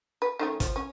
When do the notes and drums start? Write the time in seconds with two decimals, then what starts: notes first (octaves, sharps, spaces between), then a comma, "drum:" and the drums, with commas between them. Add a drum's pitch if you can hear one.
0.22 B4
0.39 D#3 A3 C#4
0.60 F3, drum: kick G#1, hi-hat
0.76 C#4